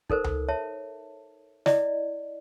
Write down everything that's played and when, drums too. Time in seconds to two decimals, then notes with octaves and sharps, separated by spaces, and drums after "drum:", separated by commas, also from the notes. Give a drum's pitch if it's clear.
0.10 D#4 A4 A#4 C5, drum: kick
0.24 drum: tom C#2
0.48 C#5 E5 A5
1.66 E4 D5 D#5, drum: snare